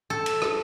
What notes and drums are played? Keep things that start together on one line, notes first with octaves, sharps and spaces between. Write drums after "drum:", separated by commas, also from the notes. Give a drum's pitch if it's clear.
A4
drum: cymbal
drum: rim click